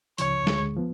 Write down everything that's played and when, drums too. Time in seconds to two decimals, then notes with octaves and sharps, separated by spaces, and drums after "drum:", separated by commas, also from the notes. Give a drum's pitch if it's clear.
0.18 C#2 C#3 F3 C#5, drum: hi-hat
0.47 D2 D3 G#3, drum: snare
0.76 F3 B3